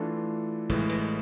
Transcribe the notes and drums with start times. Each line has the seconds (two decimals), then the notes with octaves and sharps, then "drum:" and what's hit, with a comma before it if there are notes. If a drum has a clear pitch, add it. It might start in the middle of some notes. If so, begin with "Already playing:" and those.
Already playing: E3 A3 D4 F4 A4
0.70 A2 E3 G#3, drum: kick, cymbal
0.90 drum: cymbal